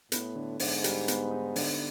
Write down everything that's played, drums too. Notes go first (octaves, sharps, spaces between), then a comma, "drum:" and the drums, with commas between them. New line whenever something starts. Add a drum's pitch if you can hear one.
A2 B3, drum: hi-hat
D3
G#2 D3, drum: open hi-hat
G3, drum: hi-hat
B3, drum: hi-hat
D#4
D3, drum: open hi-hat